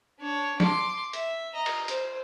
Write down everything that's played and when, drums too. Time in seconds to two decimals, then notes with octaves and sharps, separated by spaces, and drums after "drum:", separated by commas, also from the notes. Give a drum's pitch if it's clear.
0.19 D4 C#5
0.60 C6 D6, drum: snare
1.13 E5, drum: hi-hat
1.54 D#5 A#5
1.66 drum: cymbal
1.88 C5, drum: hi-hat